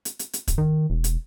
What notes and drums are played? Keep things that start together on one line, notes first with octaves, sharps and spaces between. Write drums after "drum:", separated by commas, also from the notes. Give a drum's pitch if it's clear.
drum: hi-hat
drum: hi-hat
drum: hi-hat
drum: kick, hi-hat
D#3
E1
drum: hi-hat